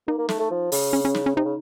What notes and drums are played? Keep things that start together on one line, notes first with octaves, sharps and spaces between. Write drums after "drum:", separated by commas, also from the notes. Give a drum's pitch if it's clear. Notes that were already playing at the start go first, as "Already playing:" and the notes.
A#3 D#4
A#3
A3, drum: snare
A3
F3
C#3, drum: open hi-hat
C#4
C#4
D#4, drum: snare
C#4
C3 D#4
C#3